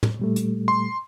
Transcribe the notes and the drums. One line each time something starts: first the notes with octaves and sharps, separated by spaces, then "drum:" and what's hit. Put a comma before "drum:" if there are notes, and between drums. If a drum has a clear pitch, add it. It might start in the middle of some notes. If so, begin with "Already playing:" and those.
drum: tom
A#2 G3 A3
drum: hi-hat
C6